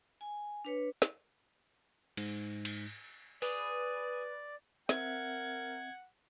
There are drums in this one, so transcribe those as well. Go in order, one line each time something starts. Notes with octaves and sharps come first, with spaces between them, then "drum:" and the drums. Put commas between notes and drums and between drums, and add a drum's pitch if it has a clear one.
G#5
D4 B4 C#5
drum: snare
G#2, drum: cymbal
drum: cymbal
G#4 B4 D5, drum: open hi-hat
C4 A#4 E5 F#5 G#6, drum: snare